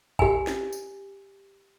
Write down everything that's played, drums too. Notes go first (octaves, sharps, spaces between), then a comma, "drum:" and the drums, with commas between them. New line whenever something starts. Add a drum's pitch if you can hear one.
G4 G#5, drum: kick
drum: snare
drum: tambourine